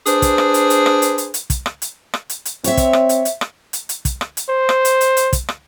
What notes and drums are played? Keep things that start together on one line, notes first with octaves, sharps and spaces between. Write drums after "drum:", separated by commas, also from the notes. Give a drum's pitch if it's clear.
D4 G#4 B4 C5, drum: hi-hat
drum: kick, hi-hat
drum: rim click
drum: hi-hat
drum: hi-hat
drum: rim click
drum: hi-hat
drum: hi-hat
drum: hi-hat
drum: kick, hi-hat
drum: rim click
drum: hi-hat
drum: rim click
drum: hi-hat
drum: hi-hat
C4 C#5 E5, drum: hi-hat
drum: kick, hi-hat
drum: rim click
drum: hi-hat
drum: hi-hat
drum: rim click
drum: hi-hat
drum: hi-hat
drum: kick, hi-hat
drum: rim click
drum: hi-hat
C5
drum: rim click
drum: hi-hat
drum: hi-hat
drum: hi-hat
drum: kick, hi-hat
drum: rim click